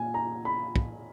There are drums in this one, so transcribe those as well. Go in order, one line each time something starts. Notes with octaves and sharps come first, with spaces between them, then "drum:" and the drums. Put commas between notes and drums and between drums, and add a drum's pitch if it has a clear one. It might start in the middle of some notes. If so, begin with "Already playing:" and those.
Already playing: A#2 G#5
A#5
B5
drum: kick